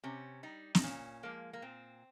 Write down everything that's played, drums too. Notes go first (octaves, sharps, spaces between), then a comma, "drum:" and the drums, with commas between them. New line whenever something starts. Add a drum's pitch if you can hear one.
C3 C#4
G3 D#4
D#4, drum: snare
A#2 C#4
F3 G#3 A#3
A#3
A#2 C4